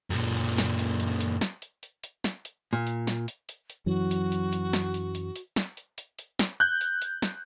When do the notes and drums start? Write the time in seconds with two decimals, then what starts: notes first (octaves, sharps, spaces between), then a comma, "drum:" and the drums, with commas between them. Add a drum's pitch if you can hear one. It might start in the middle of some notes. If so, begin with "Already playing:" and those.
0.10 F#2 A#2
0.38 drum: hi-hat
0.58 drum: snare
0.79 drum: hi-hat
1.00 drum: hi-hat
1.21 drum: hi-hat
1.41 drum: snare
1.62 drum: hi-hat
1.83 drum: hi-hat
2.04 drum: hi-hat
2.24 drum: snare
2.45 drum: hi-hat
2.73 A#2
2.87 drum: hi-hat
3.07 drum: snare
3.28 drum: hi-hat
3.49 drum: hi-hat
3.70 drum: hi-hat
3.86 F#2 E3 F#3 F#4
4.11 drum: hi-hat
4.32 drum: hi-hat
4.53 drum: hi-hat
4.73 drum: snare
4.94 drum: hi-hat
5.15 drum: hi-hat
5.36 drum: hi-hat
5.56 drum: snare
5.77 drum: hi-hat
5.98 drum: hi-hat
6.19 drum: hi-hat
6.39 drum: snare
6.60 F#6 G6
6.81 drum: hi-hat
7.02 drum: hi-hat
7.22 drum: snare